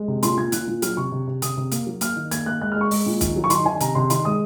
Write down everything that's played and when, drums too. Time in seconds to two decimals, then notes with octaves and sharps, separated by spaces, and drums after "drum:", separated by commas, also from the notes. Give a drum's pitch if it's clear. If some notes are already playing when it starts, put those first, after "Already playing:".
Already playing: G#3
0.08 C3
0.23 A#2 C6, drum: hi-hat
0.37 A#2 G#6
0.52 A#2 F#6, drum: hi-hat
0.68 A#2
0.82 F#3 F6, drum: hi-hat
0.97 C3 C#6
1.12 C3
1.27 C3
1.42 C3 D#6, drum: hi-hat
1.57 C3
1.72 A#3, drum: hi-hat
1.87 F#3
2.01 A#3 F6, drum: hi-hat
2.16 D#3
2.31 A#3 G#6, drum: hi-hat
2.46 A#3 F#6
2.61 G#3 F#6
2.72 F6
2.76 G#3
2.81 C#6
2.91 G#3, drum: open hi-hat
3.06 A#2
3.21 D#3, drum: kick, hi-hat
3.36 F#3
3.44 C#6
3.50 D#3 C6, drum: hi-hat
3.66 D#3 G#5
3.81 C3 A#5, drum: hi-hat
3.95 C3 C6
4.10 D#3 C6, drum: hi-hat
4.25 G#3 D#6